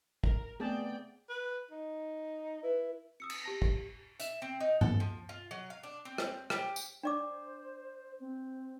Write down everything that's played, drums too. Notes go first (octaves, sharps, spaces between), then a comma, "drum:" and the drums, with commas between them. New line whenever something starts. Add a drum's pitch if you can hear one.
A#4, drum: kick
A3 B3 C4 G#4 D5 G5 A5
B4
D#4
E4 B4
D#6 E6 C#7
drum: cymbal
G4 A5 A#6
G4, drum: kick
E5, drum: hi-hat
C4
D#4
A4, drum: tom G2
F3
F4
F#3
F5
D4
C4
drum: rim click
G4, drum: rim click
drum: tambourine
D4 C5 D5 D6
C4